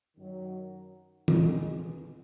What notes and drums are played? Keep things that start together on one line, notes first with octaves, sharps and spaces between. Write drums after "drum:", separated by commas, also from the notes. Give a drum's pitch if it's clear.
F#2 D#3 F#3
E2 B2 G#3, drum: tom